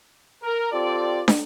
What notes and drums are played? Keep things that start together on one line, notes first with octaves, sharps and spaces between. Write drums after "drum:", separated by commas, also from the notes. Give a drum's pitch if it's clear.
A#4
C4 F4 G4 A4 D5
drum: snare